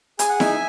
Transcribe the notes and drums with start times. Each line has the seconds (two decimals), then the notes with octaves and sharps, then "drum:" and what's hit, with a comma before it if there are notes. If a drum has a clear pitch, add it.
0.19 G#4 G#5, drum: hi-hat
0.29 F#5
0.40 D#4 E5 G#5, drum: snare E4